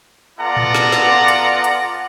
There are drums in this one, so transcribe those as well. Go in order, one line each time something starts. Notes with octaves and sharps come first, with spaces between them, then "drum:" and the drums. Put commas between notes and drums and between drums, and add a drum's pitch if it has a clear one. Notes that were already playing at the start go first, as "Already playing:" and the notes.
B3 F4 A4 D5 F#5 A#5
drum: tom A2
drum: snare
drum: snare
drum: hi-hat
drum: hi-hat